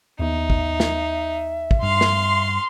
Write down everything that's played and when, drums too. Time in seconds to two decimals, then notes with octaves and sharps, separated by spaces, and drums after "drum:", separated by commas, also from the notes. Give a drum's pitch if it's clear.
0.19 D#2 B3 D#4 E5
0.50 drum: kick
0.80 drum: snare
1.71 drum: kick
1.83 G2 F5 C6
2.01 drum: snare